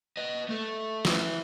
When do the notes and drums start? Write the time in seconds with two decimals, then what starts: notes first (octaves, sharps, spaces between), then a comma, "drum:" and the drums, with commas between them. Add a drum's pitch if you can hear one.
0.17 B4 D#5
0.49 A3 A4
1.05 E4 B4, drum: snare